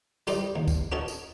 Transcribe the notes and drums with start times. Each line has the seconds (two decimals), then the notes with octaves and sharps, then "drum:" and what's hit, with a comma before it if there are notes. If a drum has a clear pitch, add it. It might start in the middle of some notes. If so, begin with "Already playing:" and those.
0.27 G3 G4 A#4 C5 D5 D#5, drum: tambourine
0.56 D#2
0.68 drum: kick, tambourine
0.92 C#4 F#4 A#4 C#5 D#5 A5
1.08 drum: tambourine